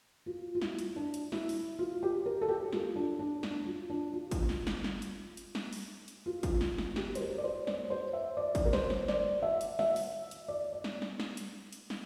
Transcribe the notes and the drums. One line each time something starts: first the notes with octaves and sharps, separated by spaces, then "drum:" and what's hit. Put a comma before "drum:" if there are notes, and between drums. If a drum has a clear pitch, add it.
F4
F4
E4, drum: snare
drum: hi-hat
D4
drum: hi-hat
E4, drum: snare
drum: open hi-hat
F4
G4
A#4
A4
G4
F4, drum: snare
D4
D4
D4, drum: snare
F4
D4
F4
drum: kick, hi-hat
drum: snare
drum: snare
drum: snare
drum: hi-hat
drum: hi-hat
drum: snare
drum: open hi-hat
drum: hi-hat
F4
drum: kick, hi-hat
drum: snare
drum: snare
G4, drum: snare
C5, drum: hi-hat
A#4
D5
C5
D5, drum: snare
C5
E5
D5
drum: kick, hi-hat
A#4
C5, drum: snare
drum: snare
D5, drum: snare
E5
drum: hi-hat
E5, drum: snare
drum: open hi-hat
drum: hi-hat
D5
D5
drum: snare
drum: snare
drum: snare
drum: hi-hat
drum: hi-hat
drum: snare